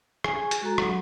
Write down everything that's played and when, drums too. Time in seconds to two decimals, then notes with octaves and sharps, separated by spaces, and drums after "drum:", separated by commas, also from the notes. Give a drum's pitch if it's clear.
0.24 G#4 G#5 C#6, drum: rim click
0.51 drum: hi-hat
0.62 G#3 F#4 A4 A#5
0.78 F#3, drum: rim click